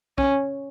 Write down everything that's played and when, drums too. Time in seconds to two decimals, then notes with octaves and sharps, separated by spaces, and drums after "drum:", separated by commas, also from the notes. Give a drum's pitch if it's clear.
0.18 C#4, drum: kick B1